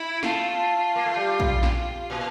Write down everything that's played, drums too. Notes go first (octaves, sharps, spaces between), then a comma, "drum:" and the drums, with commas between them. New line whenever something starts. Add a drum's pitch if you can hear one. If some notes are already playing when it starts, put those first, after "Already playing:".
Already playing: E4
A3 F4, drum: snare
A#3
A3
G3
drum: kick A#1
drum: snare
A#2